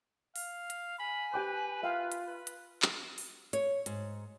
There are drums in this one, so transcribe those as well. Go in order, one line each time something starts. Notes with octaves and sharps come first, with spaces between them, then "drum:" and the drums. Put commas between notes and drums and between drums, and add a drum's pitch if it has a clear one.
F5, drum: open hi-hat
drum: hi-hat
G#5 B5
G4 B4 G5 D6
F4 E5 F5 G5
drum: hi-hat
B4
drum: hi-hat
drum: clap
drum: open hi-hat
C#5, drum: hi-hat
G#2, drum: hi-hat